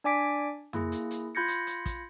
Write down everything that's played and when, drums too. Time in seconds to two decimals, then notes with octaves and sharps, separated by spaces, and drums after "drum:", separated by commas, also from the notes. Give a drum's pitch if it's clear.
0.04 D4 D5 G#5 D6 B6 D7
0.73 A#3 E4 G#4, drum: tom F2
0.92 drum: hi-hat
1.11 drum: hi-hat
1.35 F4 B5 G6 G#6 A#6 C#7
1.48 drum: hi-hat
1.67 drum: hi-hat
1.86 drum: kick, hi-hat